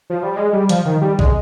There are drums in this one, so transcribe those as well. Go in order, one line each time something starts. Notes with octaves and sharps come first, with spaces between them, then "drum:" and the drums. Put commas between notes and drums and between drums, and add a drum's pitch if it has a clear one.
F3
G3
G#3
G3
F3, drum: hi-hat
D#3
G3
G#3, drum: kick